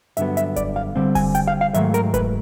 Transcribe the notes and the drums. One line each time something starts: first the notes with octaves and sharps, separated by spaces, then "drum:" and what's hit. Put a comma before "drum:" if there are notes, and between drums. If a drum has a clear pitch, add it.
G2 D3 F#3 B3 E5, drum: hi-hat
E5, drum: hi-hat
D5, drum: kick F1, hi-hat
F5
D3 G3 C4
G#5, drum: kick F1, open hi-hat
G5, drum: hi-hat
F5
F5
G#2 D#3 F#3 A3 E5, drum: hi-hat
A#4, drum: hi-hat
B4, drum: kick F1, hi-hat